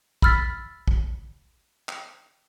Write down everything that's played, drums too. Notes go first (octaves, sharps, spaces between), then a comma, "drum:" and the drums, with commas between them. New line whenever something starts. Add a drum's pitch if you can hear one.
B5 E6 F6 A6 B6, drum: kick
drum: kick
drum: clap